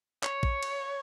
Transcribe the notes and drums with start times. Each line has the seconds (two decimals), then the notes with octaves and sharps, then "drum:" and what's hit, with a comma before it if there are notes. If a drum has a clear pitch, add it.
0.23 C#5, drum: clap
0.43 drum: kick A#1
0.63 drum: cymbal